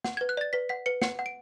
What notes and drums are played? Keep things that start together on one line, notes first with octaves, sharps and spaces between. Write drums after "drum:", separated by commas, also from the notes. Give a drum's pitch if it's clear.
F#5, drum: snare
G#6
B4
F#6
D5 A6
B4 B6
F#5 B6
B4 C#7
F#5 C#7, drum: snare
F#5
D7